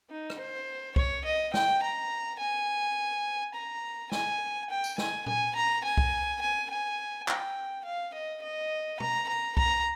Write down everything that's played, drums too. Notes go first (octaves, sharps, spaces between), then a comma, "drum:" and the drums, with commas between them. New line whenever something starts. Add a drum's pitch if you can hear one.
D#4
drum: rim click
C5
C#5, drum: kick C2
D#5
G5, drum: snare
A#5
G#5
A#5
G#5, drum: snare
G5
drum: tambourine
G#5, drum: snare
G#5, drum: tom A#2
A#5
G#5
drum: kick C2
G#5
G#5
G5, drum: clap
F5
D#5
D#5
A#5, drum: tom B2
A#5
A#5, drum: kick C2